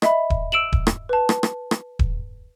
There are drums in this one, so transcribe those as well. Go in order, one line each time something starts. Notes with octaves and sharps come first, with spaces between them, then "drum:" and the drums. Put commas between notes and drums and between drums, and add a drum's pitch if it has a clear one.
D#5 E5 B5, drum: rim click
drum: kick D#1
E6 D7 E7 F#7
drum: kick D#1
drum: rim click
B4 A5
drum: rim click
drum: rim click
drum: rim click
drum: kick D#1